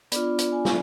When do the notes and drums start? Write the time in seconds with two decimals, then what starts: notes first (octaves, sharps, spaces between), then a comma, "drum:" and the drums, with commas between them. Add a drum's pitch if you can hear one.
0.12 B3 D4 F4 D5, drum: hi-hat
0.39 drum: hi-hat
0.52 G#5
0.65 drum: snare